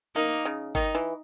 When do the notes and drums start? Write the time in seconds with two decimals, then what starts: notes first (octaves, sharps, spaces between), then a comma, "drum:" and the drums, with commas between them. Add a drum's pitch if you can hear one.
0.16 A#3 D#4
0.45 C#3
0.75 D#3 D#4, drum: kick G1
0.95 E3